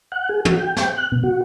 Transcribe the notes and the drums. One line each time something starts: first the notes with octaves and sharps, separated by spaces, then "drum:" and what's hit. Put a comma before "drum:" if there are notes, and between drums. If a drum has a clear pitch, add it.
F#5
G#4
F#4, drum: tom
G5
G5, drum: snare
F#6
B2
F#4